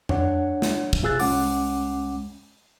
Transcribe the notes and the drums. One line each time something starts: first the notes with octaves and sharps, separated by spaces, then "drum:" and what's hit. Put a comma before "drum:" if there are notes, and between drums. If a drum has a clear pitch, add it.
D4 C#5 F#5, drum: tom F2
drum: snare
drum: kick
C3 F4 G#4 E6 F#6 A6
C2 G#3 C#4 F#5 D6, drum: open hi-hat